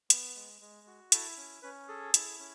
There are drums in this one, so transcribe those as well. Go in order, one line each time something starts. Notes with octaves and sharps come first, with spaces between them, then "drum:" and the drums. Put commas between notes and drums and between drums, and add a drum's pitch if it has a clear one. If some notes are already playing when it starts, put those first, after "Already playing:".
B3, drum: hi-hat
G#3
G#3
F#4
E4 A4, drum: hi-hat
C#4
C#4 B4
G#4 A4
E4, drum: hi-hat
C#4